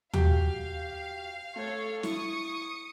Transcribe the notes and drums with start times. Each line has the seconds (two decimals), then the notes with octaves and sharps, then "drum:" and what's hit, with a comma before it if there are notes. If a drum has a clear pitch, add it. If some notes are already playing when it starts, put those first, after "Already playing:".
0.14 F#4 G4 F5 G5, drum: tom D#2
1.56 A3 A4 C#5
2.03 E4 C#6 D#6 C#7, drum: snare